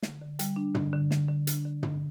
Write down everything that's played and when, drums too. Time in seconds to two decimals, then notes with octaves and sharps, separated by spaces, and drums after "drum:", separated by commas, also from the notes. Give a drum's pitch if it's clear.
0.03 D3, drum: snare
0.21 D3
0.39 G3, drum: hi-hat
0.56 D4
0.75 D3, drum: tom
0.93 D3
1.11 D3, drum: snare
1.28 D3
1.47 D4, drum: hi-hat
1.65 D3
1.83 D3, drum: tom